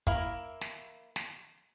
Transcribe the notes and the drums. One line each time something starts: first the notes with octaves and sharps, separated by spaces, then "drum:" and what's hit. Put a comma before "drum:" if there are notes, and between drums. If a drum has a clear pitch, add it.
A#3 E4 A#4, drum: kick
drum: snare
drum: snare